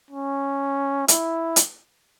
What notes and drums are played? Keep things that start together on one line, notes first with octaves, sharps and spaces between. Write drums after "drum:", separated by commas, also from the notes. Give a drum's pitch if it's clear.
C#4
E4, drum: hi-hat
drum: hi-hat